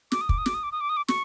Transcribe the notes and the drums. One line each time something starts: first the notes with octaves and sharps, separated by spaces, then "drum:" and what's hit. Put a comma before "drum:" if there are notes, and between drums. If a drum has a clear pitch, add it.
D6, drum: snare
D#6
D6, drum: kick
D#6
D6, drum: snare
D#6
D6
D#6
D6
D#6
D6
C#6, drum: snare